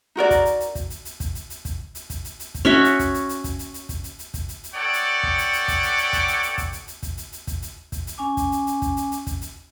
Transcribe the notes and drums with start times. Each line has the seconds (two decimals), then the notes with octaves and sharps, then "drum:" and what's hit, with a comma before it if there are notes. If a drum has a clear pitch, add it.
0.16 D#4 F#4 A#4 D5
0.30 drum: kick, hi-hat
0.45 drum: hi-hat
0.60 drum: hi-hat
0.75 drum: kick, hi-hat
0.90 drum: hi-hat
1.05 drum: hi-hat
1.20 drum: kick, hi-hat
1.35 drum: hi-hat
1.50 drum: hi-hat
1.65 drum: kick, hi-hat
1.95 drum: hi-hat
2.10 drum: kick, hi-hat
2.25 drum: hi-hat
2.40 drum: hi-hat
2.54 drum: kick, hi-hat
2.65 C#4 F#4 E5
2.84 drum: hi-hat
2.99 drum: kick, hi-hat
3.14 drum: hi-hat
3.29 drum: hi-hat
3.44 drum: kick, hi-hat
3.59 drum: hi-hat
3.74 drum: hi-hat
3.89 drum: kick, hi-hat
4.04 drum: hi-hat
4.19 drum: hi-hat
4.34 drum: kick, hi-hat
4.49 drum: hi-hat
4.64 drum: hi-hat
4.74 B3 A4 C#5 D5 F#5 G5
4.93 drum: hi-hat
5.23 drum: kick
5.38 drum: hi-hat
5.53 drum: hi-hat
5.68 drum: kick, hi-hat
5.83 drum: hi-hat
5.98 drum: hi-hat
6.13 drum: kick, hi-hat
6.28 drum: hi-hat
6.43 drum: hi-hat
6.58 drum: kick, hi-hat
6.73 drum: hi-hat
6.88 drum: hi-hat
7.03 drum: kick, hi-hat
7.17 drum: hi-hat
7.32 drum: hi-hat
7.47 drum: kick, hi-hat
7.62 drum: hi-hat
7.92 drum: kick, hi-hat
8.07 drum: hi-hat
8.18 C#4 G#5 D6
8.37 drum: kick, hi-hat
8.52 drum: hi-hat
8.67 drum: hi-hat
8.82 drum: kick, hi-hat
8.97 drum: hi-hat
9.12 drum: hi-hat
9.27 drum: kick, hi-hat
9.41 drum: hi-hat